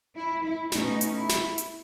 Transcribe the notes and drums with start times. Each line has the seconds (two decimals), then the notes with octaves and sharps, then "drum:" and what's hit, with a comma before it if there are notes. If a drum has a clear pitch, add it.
0.16 E4
0.44 E4
0.72 B2 A3 C#4 D#4, drum: snare
1.01 drum: hi-hat
1.15 E4
1.29 drum: snare
1.58 drum: hi-hat